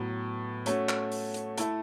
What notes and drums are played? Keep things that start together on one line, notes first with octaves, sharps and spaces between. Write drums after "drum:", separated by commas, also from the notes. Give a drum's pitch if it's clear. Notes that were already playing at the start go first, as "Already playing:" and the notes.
Already playing: A2 F#3 B3
A3 C#4 F#4 C#5, drum: hi-hat
drum: clap
drum: open hi-hat
drum: hi-hat
A3 E4 A4, drum: hi-hat